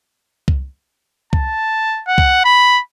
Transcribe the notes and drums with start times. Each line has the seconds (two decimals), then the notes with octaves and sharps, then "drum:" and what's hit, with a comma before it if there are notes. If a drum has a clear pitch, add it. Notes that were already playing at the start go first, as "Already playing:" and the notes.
0.48 drum: kick C2
1.33 A5, drum: kick C2
2.07 F#5
2.18 drum: kick C2
2.45 B5